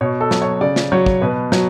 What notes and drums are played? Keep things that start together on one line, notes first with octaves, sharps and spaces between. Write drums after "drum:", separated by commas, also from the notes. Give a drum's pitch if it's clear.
B2 C#5
A4
F#3, drum: snare
C#5
C#3 D5
drum: snare
F#3 C#5
drum: kick
B2 B4
F#3, drum: snare